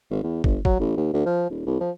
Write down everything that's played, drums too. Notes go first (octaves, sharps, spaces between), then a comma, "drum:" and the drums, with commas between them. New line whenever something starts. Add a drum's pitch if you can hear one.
G#1
E2
G1, drum: kick
F#3, drum: kick
A1
D#2
D2
F3
D#1
C2
F3